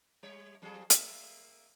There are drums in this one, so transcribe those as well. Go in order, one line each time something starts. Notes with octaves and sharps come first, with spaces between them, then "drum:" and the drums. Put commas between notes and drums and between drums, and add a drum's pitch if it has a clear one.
G3 C#5
F2 F#3 G#4
A#3 E5, drum: hi-hat